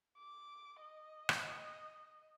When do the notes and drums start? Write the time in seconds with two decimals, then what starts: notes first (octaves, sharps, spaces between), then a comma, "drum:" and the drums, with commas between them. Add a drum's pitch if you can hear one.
0.18 D6
0.82 D#5
1.29 drum: rim click